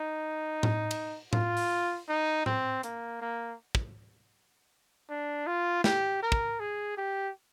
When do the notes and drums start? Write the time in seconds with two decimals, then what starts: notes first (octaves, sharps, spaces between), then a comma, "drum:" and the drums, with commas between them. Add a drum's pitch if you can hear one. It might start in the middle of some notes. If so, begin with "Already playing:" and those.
Already playing: D#4
0.63 drum: tom A2
0.91 drum: cymbal
1.33 F4, drum: tom A2
1.57 drum: open hi-hat
2.09 D#4
2.46 C4, drum: tom A2
2.83 A#3, drum: hi-hat
3.22 A#3
3.75 drum: kick
5.10 D4
5.47 F4
5.84 G4, drum: snare
6.23 A#4
6.32 drum: kick
6.60 G#4
6.97 G4